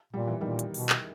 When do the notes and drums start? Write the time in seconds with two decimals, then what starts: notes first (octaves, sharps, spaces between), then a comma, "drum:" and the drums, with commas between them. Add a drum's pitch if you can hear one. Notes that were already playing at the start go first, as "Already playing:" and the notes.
0.13 A#2 G3
0.27 E3
0.41 A#2 D#3 G3
0.59 drum: hi-hat
0.74 B2, drum: open hi-hat
0.89 drum: clap